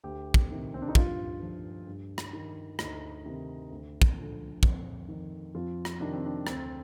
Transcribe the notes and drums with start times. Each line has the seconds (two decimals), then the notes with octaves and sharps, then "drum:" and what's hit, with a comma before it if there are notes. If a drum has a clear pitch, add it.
0.04 D2 G4
0.34 drum: kick
0.50 C3 D#3
0.74 C4
0.82 D4
0.88 D#4
0.95 G2 F4, drum: kick
1.41 F3
1.87 G2
2.18 drum: rim click
2.33 D#3
2.79 D2 D#4, drum: rim click
3.25 C3 D#3
3.71 D2
4.02 drum: kick
4.17 D3 F3
4.63 F2, drum: kick
5.09 D#3
5.54 F2 F4
5.85 drum: rim click
6.00 C3 D#3 D4
6.13 C4
6.26 D4
6.47 D2 C4, drum: rim click